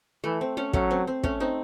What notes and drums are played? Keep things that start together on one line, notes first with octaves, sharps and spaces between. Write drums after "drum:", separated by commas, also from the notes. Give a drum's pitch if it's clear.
E3 A3
C4
A3 C#4
F#3 A3 C#4, drum: kick
C4
C4
A3 C#4, drum: kick
C4 D#4